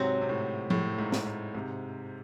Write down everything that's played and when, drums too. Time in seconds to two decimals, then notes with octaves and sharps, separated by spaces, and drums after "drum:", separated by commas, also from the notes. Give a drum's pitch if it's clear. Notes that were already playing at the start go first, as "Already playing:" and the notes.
Already playing: G#2 C3 F#3 C4 F#4
0.22 C3
0.29 A2
0.70 A2, drum: tom F3
0.98 G#2
1.12 drum: snare
1.26 A2
1.54 G#2 C3